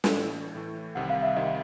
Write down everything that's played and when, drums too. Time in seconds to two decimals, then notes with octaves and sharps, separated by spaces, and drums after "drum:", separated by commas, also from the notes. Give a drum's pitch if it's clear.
0.04 drum: snare
0.14 A2 E3 A3
0.55 A2 E3 A3
0.95 C2 C3 D#3 G3 F#5
1.10 F5
1.23 E5
1.36 C2 C3 D#3 G3 D#5